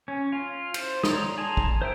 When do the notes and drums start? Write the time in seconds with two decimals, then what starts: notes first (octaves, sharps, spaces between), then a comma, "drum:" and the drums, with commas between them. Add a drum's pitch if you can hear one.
0.08 C#4
0.32 F4
0.74 C5, drum: cymbal
1.04 C#5 D5 A#5 C6 D#6, drum: snare
1.38 G#4 A5 A#5 C6
1.57 drum: kick
1.82 C5 E5 G5